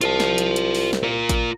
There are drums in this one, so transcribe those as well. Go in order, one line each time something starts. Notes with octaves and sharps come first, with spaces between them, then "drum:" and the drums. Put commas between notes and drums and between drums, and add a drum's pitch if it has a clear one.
C2 F4 A5, drum: hi-hat
drum: snare
drum: hi-hat
drum: hi-hat
drum: open hi-hat
drum: snare
F4 A#4
drum: kick A1, hi-hat